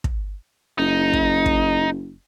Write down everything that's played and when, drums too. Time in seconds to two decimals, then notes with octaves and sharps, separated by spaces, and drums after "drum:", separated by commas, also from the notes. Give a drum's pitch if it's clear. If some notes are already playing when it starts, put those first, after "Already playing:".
0.04 drum: kick
0.78 F#1 D#4
1.13 drum: kick
1.46 drum: kick